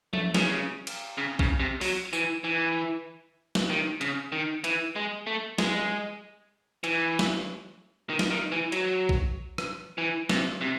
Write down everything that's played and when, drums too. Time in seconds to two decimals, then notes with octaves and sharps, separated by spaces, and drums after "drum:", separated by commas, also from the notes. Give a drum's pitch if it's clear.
0.13 A3, drum: tom F3
0.34 C#3, drum: snare
0.87 drum: cymbal
1.18 C#3
1.39 C#3, drum: kick A#1
1.60 C3
1.81 F#3, drum: open hi-hat
2.13 E3, drum: tambourine
2.44 E3
3.55 drum: snare
3.70 D#3
4.01 C#3, drum: hi-hat
4.32 D#3
4.64 E3, drum: hi-hat
4.96 G#3
5.27 A3
5.58 G#3, drum: snare
6.84 E3, drum: hi-hat
7.19 drum: snare
8.10 D#3
8.19 drum: snare
8.30 D#3
8.52 E3
8.72 F#3, drum: hi-hat
9.09 drum: kick A#1
9.58 drum: rim click
9.98 E3
10.29 C3, drum: snare
10.61 C3